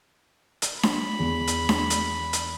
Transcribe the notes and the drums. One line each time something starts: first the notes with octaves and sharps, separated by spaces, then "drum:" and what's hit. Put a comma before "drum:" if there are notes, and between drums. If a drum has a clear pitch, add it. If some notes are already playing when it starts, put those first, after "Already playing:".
drum: hi-hat
B5, drum: snare D4
E2
drum: hi-hat
drum: snare D4
drum: hi-hat
drum: hi-hat